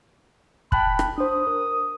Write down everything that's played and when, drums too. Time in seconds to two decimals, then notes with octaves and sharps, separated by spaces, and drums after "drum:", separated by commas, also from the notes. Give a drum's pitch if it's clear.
0.72 G5 A5 B5 F#6, drum: kick
0.99 drum: rim click
1.18 D4 C5 D#6
1.47 A#4